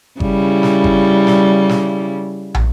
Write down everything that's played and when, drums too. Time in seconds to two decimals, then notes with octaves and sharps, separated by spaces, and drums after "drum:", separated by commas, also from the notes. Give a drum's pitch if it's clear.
0.20 C#3 G3 E4, drum: kick G1
0.63 drum: snare
0.84 drum: kick G1
1.27 drum: snare
1.69 drum: snare
2.55 drum: tom